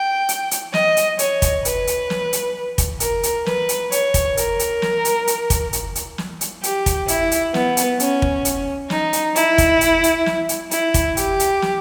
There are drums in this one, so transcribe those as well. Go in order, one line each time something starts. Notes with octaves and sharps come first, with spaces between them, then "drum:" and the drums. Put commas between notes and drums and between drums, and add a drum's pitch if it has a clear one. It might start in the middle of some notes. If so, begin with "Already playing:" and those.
Already playing: G5
drum: hi-hat
drum: hi-hat
D#5, drum: snare
drum: hi-hat
C#5, drum: hi-hat
drum: kick, hi-hat
B4, drum: hi-hat
drum: hi-hat
drum: snare
drum: hi-hat
drum: kick, hi-hat
A#4, drum: hi-hat
drum: hi-hat
B4, drum: snare
drum: hi-hat
C#5, drum: hi-hat
drum: kick, hi-hat
A#4, drum: hi-hat
drum: hi-hat
drum: snare
drum: hi-hat
drum: hi-hat
drum: kick, hi-hat
drum: hi-hat
drum: hi-hat
drum: snare
drum: hi-hat
G4, drum: hi-hat
drum: kick, hi-hat
E4, drum: hi-hat
drum: hi-hat
B3, drum: snare
drum: hi-hat
C#4, drum: hi-hat
drum: kick
drum: hi-hat
D#4, drum: snare
drum: hi-hat
E4, drum: hi-hat
drum: kick, hi-hat
drum: hi-hat
drum: hi-hat
drum: snare
drum: hi-hat
E4, drum: hi-hat
drum: kick, hi-hat
G4, drum: hi-hat
drum: hi-hat
drum: snare